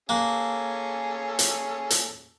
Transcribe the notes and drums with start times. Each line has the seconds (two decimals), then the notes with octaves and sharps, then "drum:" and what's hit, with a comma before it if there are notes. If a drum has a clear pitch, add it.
0.09 A#3 C#4 G#4 A4 F#5
1.39 drum: hi-hat
1.90 drum: hi-hat